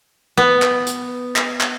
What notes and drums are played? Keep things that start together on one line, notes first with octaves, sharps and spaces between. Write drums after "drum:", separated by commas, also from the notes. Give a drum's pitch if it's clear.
B3
drum: clap
drum: hi-hat
drum: clap
drum: clap